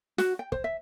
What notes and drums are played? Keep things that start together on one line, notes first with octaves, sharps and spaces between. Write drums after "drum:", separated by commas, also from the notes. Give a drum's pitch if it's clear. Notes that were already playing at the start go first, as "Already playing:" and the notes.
F#4, drum: snare
G5
C5, drum: kick
E5